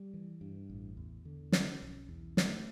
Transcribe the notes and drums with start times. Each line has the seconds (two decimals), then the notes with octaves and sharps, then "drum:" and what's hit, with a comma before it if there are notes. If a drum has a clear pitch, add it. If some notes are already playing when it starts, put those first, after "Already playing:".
Already playing: G3
0.14 E3
0.41 G2
0.70 A1
0.97 E2
1.25 D3
1.52 C#4, drum: snare
1.81 B1
2.09 E2
2.37 A3, drum: snare